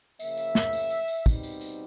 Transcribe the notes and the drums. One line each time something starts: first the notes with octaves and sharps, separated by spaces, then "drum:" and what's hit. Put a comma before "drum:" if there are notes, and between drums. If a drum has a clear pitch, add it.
C#3 F3 A#3 E5, drum: tambourine
drum: tambourine
drum: snare
drum: tambourine
drum: tambourine
drum: tambourine
B2 G3 C4 D#4, drum: kick, tambourine
drum: tambourine
drum: tambourine